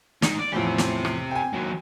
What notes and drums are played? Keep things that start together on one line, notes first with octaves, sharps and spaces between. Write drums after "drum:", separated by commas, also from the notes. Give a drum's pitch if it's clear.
G#3 D#4, drum: snare
D5
E2 A2 F3 C4 G4
drum: snare
drum: rim click
G5 G#5
D#2 F#3